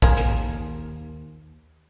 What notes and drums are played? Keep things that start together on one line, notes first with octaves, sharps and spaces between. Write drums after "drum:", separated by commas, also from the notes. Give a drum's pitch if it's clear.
C2 F2 B2 F3 G#4 A#4, drum: kick A#1
D#2, drum: hi-hat